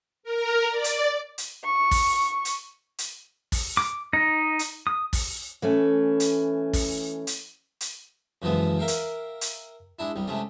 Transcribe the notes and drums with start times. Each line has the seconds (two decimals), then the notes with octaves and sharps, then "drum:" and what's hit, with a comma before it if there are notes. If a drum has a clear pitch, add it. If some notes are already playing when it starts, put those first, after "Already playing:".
0.23 A#4
0.70 D5
0.84 drum: hi-hat
1.38 drum: hi-hat
1.65 C#6
1.91 drum: kick, open hi-hat
2.45 drum: hi-hat
2.98 drum: hi-hat
3.52 drum: kick, open hi-hat
3.77 D6
4.13 D#4 D#5
4.59 drum: hi-hat
4.87 D#6
5.13 drum: kick, open hi-hat
5.62 E3 A3 C#4
6.20 drum: hi-hat
6.73 drum: kick, open hi-hat
7.27 drum: hi-hat
7.81 drum: hi-hat
8.42 F#2 C#3 E3 F3 G#3 B3
8.78 A#4 E5 F5 G5
8.88 drum: hi-hat
9.41 drum: hi-hat
9.99 G#3 D4 E4
10.16 C2 G3
10.27 C3 G#3 A3 C#4